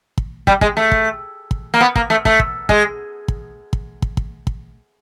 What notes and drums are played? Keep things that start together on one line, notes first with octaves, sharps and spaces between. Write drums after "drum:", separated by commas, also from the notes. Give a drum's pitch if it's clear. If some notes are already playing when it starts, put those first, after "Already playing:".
drum: kick
G3, drum: kick
G#3, drum: kick
A3
drum: kick
drum: kick
A#3
B3
A#3, drum: kick
A3
A3, drum: kick
drum: kick
G#3, drum: kick
drum: kick
drum: kick
drum: kick
drum: kick
drum: kick